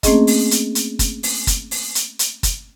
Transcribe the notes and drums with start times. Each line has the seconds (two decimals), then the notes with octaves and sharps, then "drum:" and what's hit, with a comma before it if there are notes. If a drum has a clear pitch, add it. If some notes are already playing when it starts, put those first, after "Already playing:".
0.03 A3 A#3 C4 C#4 G#4 D#5, drum: kick, hi-hat
0.27 drum: open hi-hat
0.51 drum: hi-hat
0.75 drum: hi-hat
0.99 drum: kick, hi-hat
1.23 drum: open hi-hat
1.47 drum: kick, hi-hat
1.71 drum: open hi-hat
1.95 drum: hi-hat
2.19 drum: hi-hat
2.43 drum: kick, hi-hat